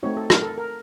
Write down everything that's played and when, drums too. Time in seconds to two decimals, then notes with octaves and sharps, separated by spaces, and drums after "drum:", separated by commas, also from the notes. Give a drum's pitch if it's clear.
0.03 A3 C4 D#4 F#4 C#5
0.17 A4
0.30 A#4, drum: rim click
0.43 A4
0.58 A#4